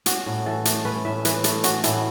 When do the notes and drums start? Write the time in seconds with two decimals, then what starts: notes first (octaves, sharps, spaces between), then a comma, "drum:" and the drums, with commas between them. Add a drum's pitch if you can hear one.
0.06 C#4 F#4, drum: hi-hat
0.26 A2
0.46 E3 A4
0.65 A3, drum: hi-hat
0.85 C#4 B4
1.05 A2 E5
1.25 E3 B4, drum: hi-hat
1.44 A3 A4, drum: hi-hat
1.64 C#4 F#4, drum: hi-hat
1.84 A2 E4, drum: hi-hat